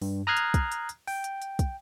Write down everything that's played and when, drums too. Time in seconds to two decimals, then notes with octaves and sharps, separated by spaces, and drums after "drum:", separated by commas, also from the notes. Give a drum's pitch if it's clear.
0.02 G2, drum: open hi-hat
0.27 A#5 D#6 F6 F#6 G#6 C7
0.37 drum: hi-hat
0.54 drum: kick, hi-hat
0.72 drum: hi-hat
0.89 drum: hi-hat
1.07 G5, drum: open hi-hat
1.24 drum: hi-hat
1.42 drum: hi-hat
1.59 drum: kick, hi-hat